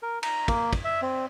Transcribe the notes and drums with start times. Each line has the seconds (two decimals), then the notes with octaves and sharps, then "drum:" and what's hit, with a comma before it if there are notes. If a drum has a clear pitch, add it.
0.02 A#4
0.23 A#5, drum: cymbal
0.48 A#3, drum: kick, cymbal
0.73 drum: kick, cymbal
0.85 E5
1.02 C4